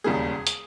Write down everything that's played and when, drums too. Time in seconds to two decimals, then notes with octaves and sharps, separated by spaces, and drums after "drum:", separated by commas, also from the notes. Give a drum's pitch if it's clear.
0.04 E1 D#2 C#3 G3 A#3 G#4
0.47 drum: hi-hat